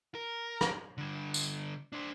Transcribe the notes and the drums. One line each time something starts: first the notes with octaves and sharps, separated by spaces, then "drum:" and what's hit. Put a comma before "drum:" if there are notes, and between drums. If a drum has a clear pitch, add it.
A#4
drum: rim click
D3 G3
drum: tambourine
D4 C5